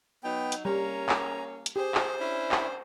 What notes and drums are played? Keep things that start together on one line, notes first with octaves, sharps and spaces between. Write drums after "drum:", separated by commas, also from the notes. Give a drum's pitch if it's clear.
F#3 B3 D#4 G5
drum: hi-hat
G3 A#3 C#4 A#5
drum: clap
drum: hi-hat
G4 G#4 C5
drum: clap
C#4 D4 E4
drum: clap